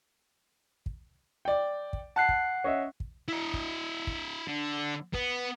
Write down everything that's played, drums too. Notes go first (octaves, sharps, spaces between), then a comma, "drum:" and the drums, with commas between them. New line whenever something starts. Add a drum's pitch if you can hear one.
drum: kick
D5 G5
drum: kick
F#5 A5 F#6 C7
drum: kick
C#4 D#5 E5
drum: kick
E4 D#5
drum: kick
drum: kick
D3
B3, drum: kick